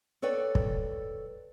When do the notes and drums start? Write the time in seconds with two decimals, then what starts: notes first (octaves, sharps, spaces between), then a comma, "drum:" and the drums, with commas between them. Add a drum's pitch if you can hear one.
0.22 A4 B4 C#5 D5 G5
0.55 drum: kick